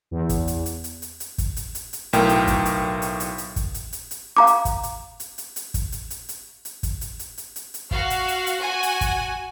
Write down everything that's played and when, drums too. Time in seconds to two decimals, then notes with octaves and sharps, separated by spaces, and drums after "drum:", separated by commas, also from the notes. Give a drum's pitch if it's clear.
0.11 E2
0.29 drum: kick, hi-hat
0.48 drum: hi-hat
0.66 drum: hi-hat
0.84 drum: hi-hat
1.02 drum: hi-hat
1.20 drum: hi-hat
1.38 drum: kick, hi-hat
1.57 drum: hi-hat
1.75 drum: hi-hat
1.93 drum: hi-hat
2.13 B1 A2 A#4 G5, drum: hi-hat
2.29 drum: hi-hat
2.47 drum: kick, hi-hat
2.65 drum: hi-hat
3.02 drum: hi-hat
3.20 drum: hi-hat
3.38 drum: hi-hat
3.56 drum: kick, hi-hat
3.74 drum: hi-hat
3.93 drum: hi-hat
4.11 drum: hi-hat
4.37 F5 A#5 D6
4.47 drum: hi-hat
4.65 drum: kick, hi-hat
4.83 drum: hi-hat
5.20 drum: hi-hat
5.38 drum: hi-hat
5.56 drum: hi-hat
5.74 drum: kick, hi-hat
5.92 drum: hi-hat
6.10 drum: hi-hat
6.29 drum: hi-hat
6.65 drum: hi-hat
6.83 drum: kick, hi-hat
7.01 drum: hi-hat
7.19 drum: hi-hat
7.38 drum: hi-hat
7.56 drum: hi-hat
7.74 drum: hi-hat
7.91 F#4 F5, drum: kick
8.10 drum: hi-hat
8.28 drum: hi-hat
8.46 drum: hi-hat
8.60 F#4 G#5
8.83 drum: hi-hat
9.01 drum: kick, hi-hat